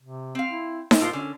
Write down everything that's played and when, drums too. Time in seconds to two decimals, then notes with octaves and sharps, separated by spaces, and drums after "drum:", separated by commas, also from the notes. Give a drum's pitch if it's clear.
0.03 C3
0.35 C4 F5
0.50 E4
0.91 drum: snare D#4
1.01 A2 F4 C5
1.13 D3 C#4